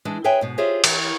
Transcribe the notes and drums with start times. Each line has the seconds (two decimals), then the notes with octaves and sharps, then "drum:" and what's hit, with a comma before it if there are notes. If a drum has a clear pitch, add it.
0.05 E3 G#3 D4
0.24 G#4 B4 C#5 E5 G5 G#5
0.41 G#2 B2
0.58 F4 G4 G#4 C5 C#5 E5
0.84 E3, drum: cymbal